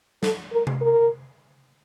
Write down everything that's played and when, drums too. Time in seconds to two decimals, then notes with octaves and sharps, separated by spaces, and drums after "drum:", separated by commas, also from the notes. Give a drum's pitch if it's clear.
0.23 A4, drum: snare
0.52 A#4
0.67 drum: tom C3
0.81 A#4